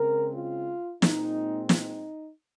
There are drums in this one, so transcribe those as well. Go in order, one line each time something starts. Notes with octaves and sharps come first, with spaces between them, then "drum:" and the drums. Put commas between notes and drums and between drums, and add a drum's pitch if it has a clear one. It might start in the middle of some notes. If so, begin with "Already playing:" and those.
Already playing: C#3 G#3 C4 A#4
F4
A#2 G#3 C4 D#4, drum: snare
D#4, drum: snare